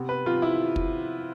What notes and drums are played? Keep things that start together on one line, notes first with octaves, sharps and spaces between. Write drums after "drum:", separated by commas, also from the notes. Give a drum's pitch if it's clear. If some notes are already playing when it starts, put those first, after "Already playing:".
Already playing: C3 B3
B4
C3 F4
E4
drum: kick